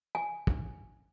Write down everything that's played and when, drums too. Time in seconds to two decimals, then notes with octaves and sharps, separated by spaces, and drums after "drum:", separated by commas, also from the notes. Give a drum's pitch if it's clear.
0.15 G#5
0.47 drum: kick